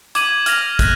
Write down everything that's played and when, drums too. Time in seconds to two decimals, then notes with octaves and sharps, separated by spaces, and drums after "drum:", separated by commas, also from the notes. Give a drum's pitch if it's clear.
0.15 D6 G#6 D#7 F#7, drum: hi-hat
0.46 F6 A#6 F7, drum: hi-hat
0.79 F#6, drum: kick, hi-hat